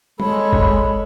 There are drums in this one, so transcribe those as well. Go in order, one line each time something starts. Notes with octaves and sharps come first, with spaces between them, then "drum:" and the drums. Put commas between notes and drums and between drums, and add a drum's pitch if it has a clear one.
G#3 A4 C#5 B5, drum: tom
drum: kick F#1